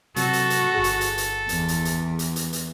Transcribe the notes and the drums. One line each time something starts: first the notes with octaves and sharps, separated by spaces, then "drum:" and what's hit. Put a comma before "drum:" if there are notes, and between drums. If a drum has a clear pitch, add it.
C3 F#3 F#4 A4, drum: hi-hat
drum: hi-hat
drum: hi-hat
G1 G#4
drum: hi-hat
drum: hi-hat
drum: hi-hat
E2, drum: hi-hat
drum: hi-hat
drum: hi-hat
drum: hi-hat
drum: hi-hat
drum: hi-hat